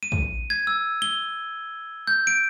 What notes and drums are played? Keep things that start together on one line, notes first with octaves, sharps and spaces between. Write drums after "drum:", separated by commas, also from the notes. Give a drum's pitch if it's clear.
D#7
drum: kick
G#6
E6
G7
G6
D7